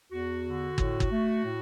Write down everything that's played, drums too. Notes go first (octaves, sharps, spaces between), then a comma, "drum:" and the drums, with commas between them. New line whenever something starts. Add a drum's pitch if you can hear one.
E2 F#4
D3
A2, drum: kick
drum: kick
A3
A2